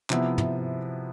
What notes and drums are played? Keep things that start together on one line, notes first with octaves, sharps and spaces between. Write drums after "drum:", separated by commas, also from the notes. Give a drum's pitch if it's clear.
C3 F3 B3 E4, drum: clap
drum: tom